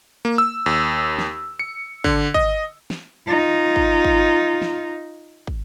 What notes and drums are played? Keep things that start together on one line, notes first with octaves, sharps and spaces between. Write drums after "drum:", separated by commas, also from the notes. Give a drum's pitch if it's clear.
A#3
E6
D#2
drum: snare
C#7
D3, drum: kick
D#5, drum: kick
drum: snare
D#4 F4
drum: kick
drum: kick
drum: snare
drum: kick